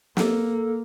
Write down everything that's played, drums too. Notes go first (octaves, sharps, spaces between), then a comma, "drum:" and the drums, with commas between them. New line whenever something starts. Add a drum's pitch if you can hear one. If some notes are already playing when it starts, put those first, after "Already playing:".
A#3 A4, drum: snare